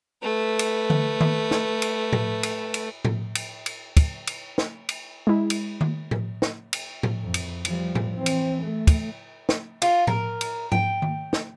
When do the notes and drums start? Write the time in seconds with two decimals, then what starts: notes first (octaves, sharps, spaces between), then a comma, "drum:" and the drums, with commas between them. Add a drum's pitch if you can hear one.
0.22 A3 B4
0.59 drum: cymbal
0.90 drum: tom D3
1.21 drum: tom D#3
1.51 drum: snare
1.82 drum: cymbal
2.13 drum: tom A2
2.43 drum: cymbal
2.74 drum: cymbal
3.05 drum: tom A2
3.35 drum: cymbal
3.66 drum: cymbal
3.97 drum: kick, cymbal
4.27 drum: cymbal
4.58 drum: snare
4.89 drum: cymbal
5.27 G#3 E4
5.50 drum: cymbal
5.81 drum: tom D#3
6.11 drum: tom A2
6.42 drum: snare
6.73 drum: cymbal
7.03 drum: tom A2
7.22 F2
7.34 drum: cymbal
7.65 F3 G3, drum: cymbal
7.95 drum: tom A2
8.15 E3 C4
8.26 drum: cymbal
8.62 A3
8.87 drum: kick, cymbal
9.49 drum: snare
9.82 F4, drum: cymbal
10.07 A#4, drum: tom A2
10.41 drum: cymbal
10.72 G5, drum: tom G#2
11.02 drum: tom D#3
11.33 drum: snare